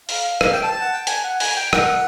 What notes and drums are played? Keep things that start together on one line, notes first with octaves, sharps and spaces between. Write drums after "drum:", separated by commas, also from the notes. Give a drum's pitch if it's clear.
F5, drum: open hi-hat
F5, drum: rim click
G5
A5
F#5
G5
G#5, drum: hi-hat
F#5
G#5, drum: open hi-hat
G5
F#5, drum: rim click